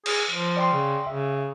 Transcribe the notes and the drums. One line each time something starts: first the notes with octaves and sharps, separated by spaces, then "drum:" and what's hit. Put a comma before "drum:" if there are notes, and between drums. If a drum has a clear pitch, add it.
G#4, drum: cymbal
F3
D5 G5 C6
C#3
C#3 E5